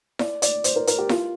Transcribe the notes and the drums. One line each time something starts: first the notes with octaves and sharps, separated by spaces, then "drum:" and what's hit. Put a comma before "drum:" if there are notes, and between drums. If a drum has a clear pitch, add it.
D5, drum: snare E4
D5, drum: hi-hat
C5, drum: hi-hat
A#4
A#4, drum: hi-hat
G4
F4, drum: snare E4